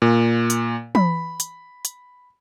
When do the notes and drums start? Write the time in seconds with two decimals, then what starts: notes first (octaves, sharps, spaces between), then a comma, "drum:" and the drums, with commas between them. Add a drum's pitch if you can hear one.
0.02 A#2
0.50 drum: hi-hat
0.95 B5, drum: tom
1.40 drum: hi-hat
1.85 drum: hi-hat